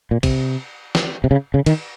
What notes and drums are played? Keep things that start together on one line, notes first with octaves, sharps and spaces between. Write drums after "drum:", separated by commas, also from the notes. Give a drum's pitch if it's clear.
A#2
C3, drum: kick, cymbal
drum: snare
C3
C#3
C#3
D#3, drum: cymbal